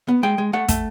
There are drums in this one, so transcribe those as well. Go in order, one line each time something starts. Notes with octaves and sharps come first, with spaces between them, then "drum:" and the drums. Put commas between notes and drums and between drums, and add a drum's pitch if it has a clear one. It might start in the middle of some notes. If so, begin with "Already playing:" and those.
B3
G#3 G5
G#3
A3 F#5
A3, drum: kick, hi-hat